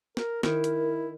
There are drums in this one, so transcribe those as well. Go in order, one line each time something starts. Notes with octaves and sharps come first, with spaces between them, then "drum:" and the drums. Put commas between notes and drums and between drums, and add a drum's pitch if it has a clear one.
A#4, drum: snare
D#3 E4 A#4, drum: snare
drum: hi-hat